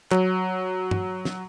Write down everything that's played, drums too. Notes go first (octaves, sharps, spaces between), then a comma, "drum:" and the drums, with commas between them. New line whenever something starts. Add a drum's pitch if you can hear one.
F#3, drum: clap
drum: tom
drum: snare